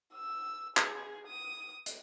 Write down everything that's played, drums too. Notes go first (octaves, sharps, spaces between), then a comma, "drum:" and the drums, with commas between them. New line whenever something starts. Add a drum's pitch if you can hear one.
E6
G#4, drum: clap
D#6
drum: hi-hat